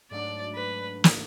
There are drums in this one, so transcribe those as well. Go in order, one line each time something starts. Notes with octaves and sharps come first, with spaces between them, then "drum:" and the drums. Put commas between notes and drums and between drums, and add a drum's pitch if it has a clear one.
G#2 F#3 A3 D4 D5
B4
drum: snare